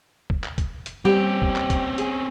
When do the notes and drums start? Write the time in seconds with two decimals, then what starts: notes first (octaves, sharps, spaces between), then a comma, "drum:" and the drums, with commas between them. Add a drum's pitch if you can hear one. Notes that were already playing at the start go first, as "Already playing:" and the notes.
0.30 drum: kick
0.44 drum: clap
0.58 drum: kick, hi-hat
0.86 drum: hi-hat
1.05 G3 C4 C#4 G4
1.42 drum: kick
1.56 drum: clap
1.70 drum: kick, hi-hat
1.98 G#4, drum: hi-hat